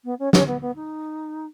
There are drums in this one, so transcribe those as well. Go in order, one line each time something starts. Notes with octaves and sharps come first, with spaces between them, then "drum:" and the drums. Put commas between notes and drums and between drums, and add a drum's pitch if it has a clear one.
B3
C#4
C#4, drum: snare
B3
B3
D#4